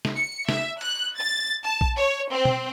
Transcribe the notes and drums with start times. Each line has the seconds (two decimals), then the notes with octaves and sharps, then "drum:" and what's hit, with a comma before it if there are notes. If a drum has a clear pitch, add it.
0.05 drum: snare
0.17 C#7
0.49 E5, drum: snare
0.81 F#6, drum: cymbal
1.17 A6
1.63 A5
1.81 drum: kick A#1
1.96 C#5
2.31 C4
2.45 drum: tom